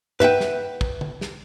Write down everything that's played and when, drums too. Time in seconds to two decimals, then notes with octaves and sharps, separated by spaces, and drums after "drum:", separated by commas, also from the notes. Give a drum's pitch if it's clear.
0.20 B4 E5 F#5 G5, drum: tom G2
0.40 drum: snare
0.81 drum: kick
1.01 drum: tom
1.21 drum: snare